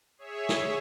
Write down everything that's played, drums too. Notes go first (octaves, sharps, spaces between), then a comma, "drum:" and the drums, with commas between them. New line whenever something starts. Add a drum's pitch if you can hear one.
G#4 C#5 E5
drum: snare